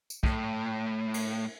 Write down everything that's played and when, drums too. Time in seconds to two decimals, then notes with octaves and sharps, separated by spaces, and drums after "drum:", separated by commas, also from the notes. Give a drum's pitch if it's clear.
0.10 drum: tambourine
0.23 A2, drum: kick
1.14 drum: cymbal